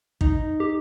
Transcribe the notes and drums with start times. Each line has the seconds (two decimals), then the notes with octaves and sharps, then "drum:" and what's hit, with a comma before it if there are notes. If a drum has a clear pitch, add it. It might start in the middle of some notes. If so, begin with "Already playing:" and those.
0.21 D#4, drum: kick
0.60 G4